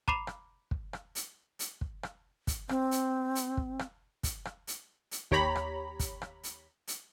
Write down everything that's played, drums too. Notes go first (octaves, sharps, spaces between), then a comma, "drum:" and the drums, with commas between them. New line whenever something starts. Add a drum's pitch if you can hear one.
A#5 B5 D6 C7 E7 F7, drum: kick
drum: rim click
drum: kick
drum: rim click
drum: hi-hat
drum: hi-hat
drum: kick
drum: rim click
drum: kick, hi-hat
C4, drum: rim click
drum: hi-hat
drum: hi-hat
drum: kick
drum: rim click
drum: kick, hi-hat
drum: rim click
drum: hi-hat
drum: hi-hat
D#2 G4 C#5 A#5 B5, drum: kick
drum: rim click
drum: kick, hi-hat
drum: rim click
drum: hi-hat
drum: hi-hat